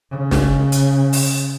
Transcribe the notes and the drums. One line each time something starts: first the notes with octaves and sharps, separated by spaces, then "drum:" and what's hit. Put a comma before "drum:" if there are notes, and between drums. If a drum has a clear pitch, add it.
C#3
drum: snare
drum: hi-hat
drum: open hi-hat